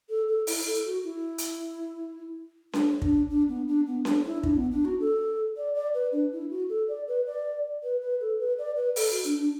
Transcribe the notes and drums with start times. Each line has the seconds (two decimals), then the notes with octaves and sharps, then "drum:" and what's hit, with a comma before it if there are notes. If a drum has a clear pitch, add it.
0.10 A4
0.28 A4
0.47 E4, drum: open hi-hat
0.66 A4
0.85 F#4
1.04 E4
1.38 drum: hi-hat
2.73 D4, drum: snare C#4
3.02 D4, drum: kick
3.30 D4
3.48 B3
3.68 D4
3.87 B3
4.05 D4, drum: snare C#4
4.25 E4
4.43 D4, drum: kick
4.57 B3
4.72 D4
4.85 F#4
5.00 A4
5.57 D5
5.75 D5
5.94 B4
6.12 D4
6.32 E4
6.50 F#4
6.69 A4
6.88 D5
7.08 B4
7.26 D5
7.83 B4
8.01 B4
8.21 A4
8.39 B4
8.58 D5
8.76 B4
8.96 A4, drum: open hi-hat
9.10 F#4
9.24 D4
9.39 D4